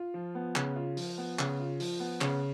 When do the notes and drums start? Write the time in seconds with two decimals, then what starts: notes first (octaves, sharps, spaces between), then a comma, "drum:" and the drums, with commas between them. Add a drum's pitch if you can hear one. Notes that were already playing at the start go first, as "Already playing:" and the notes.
Already playing: F4
0.14 F3
0.35 B3
0.56 C#3, drum: clap
0.76 F4
0.97 F3, drum: open hi-hat
1.18 B3
1.39 C#3, drum: clap
1.60 F4
1.80 F3, drum: open hi-hat
2.00 B3
2.21 C#3, drum: clap